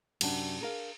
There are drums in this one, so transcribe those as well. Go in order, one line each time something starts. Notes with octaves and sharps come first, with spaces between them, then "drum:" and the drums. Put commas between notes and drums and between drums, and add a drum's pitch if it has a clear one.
F#2 C3 D4, drum: cymbal
G#4 A#4 F5